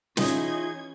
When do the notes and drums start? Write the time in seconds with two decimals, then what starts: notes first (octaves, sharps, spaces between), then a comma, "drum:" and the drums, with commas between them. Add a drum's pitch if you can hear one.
0.17 E3 C#4 D#4 F4 G#4 D#5 E5 G#6, drum: snare